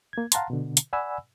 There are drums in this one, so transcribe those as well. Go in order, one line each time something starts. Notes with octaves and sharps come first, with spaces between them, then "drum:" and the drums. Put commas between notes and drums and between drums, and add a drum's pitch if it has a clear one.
A#3 G#6
F5 F#5 A5 A#5 C6, drum: hi-hat
B2 D3
drum: hi-hat
D5 F#5 G#5 B5 E6